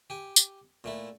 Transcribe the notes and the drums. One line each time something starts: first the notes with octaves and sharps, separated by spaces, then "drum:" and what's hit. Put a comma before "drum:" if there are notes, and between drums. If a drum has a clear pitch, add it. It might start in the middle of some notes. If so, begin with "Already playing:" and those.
G4 G#5
drum: tambourine
A#2 A3 E4